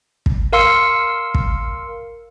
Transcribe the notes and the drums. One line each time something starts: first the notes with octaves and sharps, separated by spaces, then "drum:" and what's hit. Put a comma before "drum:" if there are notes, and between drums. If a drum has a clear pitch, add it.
drum: kick
A#4 F5 C6 E6 C#7
drum: kick